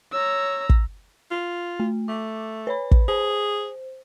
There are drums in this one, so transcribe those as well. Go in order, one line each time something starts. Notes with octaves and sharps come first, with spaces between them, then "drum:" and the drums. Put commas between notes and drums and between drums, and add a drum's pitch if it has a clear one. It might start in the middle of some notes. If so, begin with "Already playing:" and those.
C#5 A#5 E6
drum: kick
F4
A3
A3 D6
B4 C#5 B5
drum: kick
G#4 C5